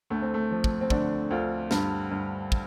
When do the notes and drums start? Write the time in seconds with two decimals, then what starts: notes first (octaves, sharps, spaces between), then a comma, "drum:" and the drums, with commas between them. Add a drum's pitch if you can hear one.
0.10 D2 A3
0.22 C4
0.34 A3
0.51 F3
0.64 drum: kick
0.81 C4
0.90 D3 A3 D4, drum: kick
1.31 D2 C4 F4
1.71 G2, drum: snare
2.12 G2
2.52 drum: kick